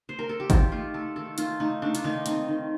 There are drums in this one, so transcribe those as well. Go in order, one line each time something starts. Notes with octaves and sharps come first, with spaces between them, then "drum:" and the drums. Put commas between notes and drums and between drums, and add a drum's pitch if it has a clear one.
C5
A#4
A4
G4
D#3 F4, drum: kick G#1, hi-hat
A3 F4
A3 A4
D#3 A4
D#3 F4, drum: hi-hat
A3 D#4
A3 D4
F4, drum: hi-hat
D#3 D#4
C4 D#4, drum: hi-hat
D#3